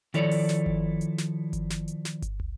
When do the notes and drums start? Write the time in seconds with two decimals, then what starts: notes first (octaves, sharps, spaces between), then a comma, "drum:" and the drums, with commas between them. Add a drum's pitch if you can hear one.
0.14 D#3 F3 E4 A4 C#5 D5, drum: hi-hat
0.31 drum: open hi-hat
0.49 drum: snare
0.66 drum: kick G1
1.01 drum: hi-hat
1.18 drum: snare
1.53 drum: kick G1, hi-hat
1.70 drum: snare
1.88 drum: hi-hat
2.05 drum: snare
2.22 drum: kick G1, hi-hat
2.40 drum: tom